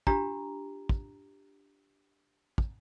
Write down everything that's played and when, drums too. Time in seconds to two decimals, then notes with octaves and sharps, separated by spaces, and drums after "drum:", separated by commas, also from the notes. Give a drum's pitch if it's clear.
0.07 D4 F4 G4 A#5, drum: kick
0.89 drum: kick
2.58 drum: kick